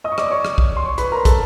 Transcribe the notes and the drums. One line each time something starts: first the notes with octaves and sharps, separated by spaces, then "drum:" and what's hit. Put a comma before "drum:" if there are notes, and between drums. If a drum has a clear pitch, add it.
D#5 D#6
C#6
D5 D6, drum: rim click
C#5 C#6
drum: rim click
drum: kick
C6
C#5 C#6
B4 B5, drum: hi-hat
A#4 A#5
A4 A5, drum: kick, hi-hat